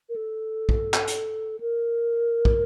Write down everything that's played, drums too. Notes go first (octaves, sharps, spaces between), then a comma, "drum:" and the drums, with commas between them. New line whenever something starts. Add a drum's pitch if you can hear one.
A#4
A4
drum: kick
drum: clap
drum: hi-hat
A#4
drum: kick